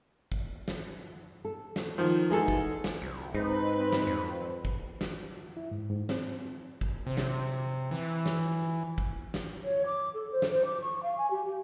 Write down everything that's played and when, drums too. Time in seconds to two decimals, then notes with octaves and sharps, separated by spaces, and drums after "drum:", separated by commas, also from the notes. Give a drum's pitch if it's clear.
0.32 drum: kick
0.68 drum: snare
1.45 A4
1.76 drum: snare
1.98 D#3 F3
2.30 E3 G#3 D#4 F#4 G#4 A4
2.48 drum: kick
2.84 drum: snare
3.02 C2
3.34 G#2 C4 D#4 B4 B5
3.93 drum: snare
4.06 F2
4.65 drum: kick
5.01 drum: snare
5.57 E4
5.71 G#2
5.90 G#2
6.09 C4, drum: snare
6.81 drum: kick
7.07 C3
7.17 drum: snare
7.91 E3
8.26 drum: snare
8.98 drum: kick
9.34 drum: snare
9.64 C#5
9.86 D6
10.14 A4
10.32 C5
10.42 drum: snare
10.52 C5
10.65 D6
10.82 C#6
11.03 F5
11.18 G#5
11.31 G4
11.45 G4